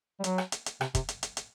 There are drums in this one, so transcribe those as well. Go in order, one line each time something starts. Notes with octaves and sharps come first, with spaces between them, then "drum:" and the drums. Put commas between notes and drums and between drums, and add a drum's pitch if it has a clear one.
G3
F#3, drum: hi-hat
drum: rim click
drum: hi-hat
drum: hi-hat
C3, drum: rim click
C3, drum: kick, hi-hat
drum: hi-hat
drum: hi-hat
drum: hi-hat